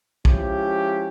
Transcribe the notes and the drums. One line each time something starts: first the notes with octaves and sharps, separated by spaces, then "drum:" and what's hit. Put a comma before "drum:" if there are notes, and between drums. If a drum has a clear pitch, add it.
F3 G#3 C#4 E4 G4, drum: kick